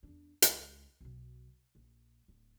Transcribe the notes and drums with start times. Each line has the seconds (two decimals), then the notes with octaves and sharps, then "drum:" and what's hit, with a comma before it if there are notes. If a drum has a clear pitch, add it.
0.03 E2 D4
0.42 C#2, drum: hi-hat
1.01 B1 B2
1.75 A#1
2.28 D1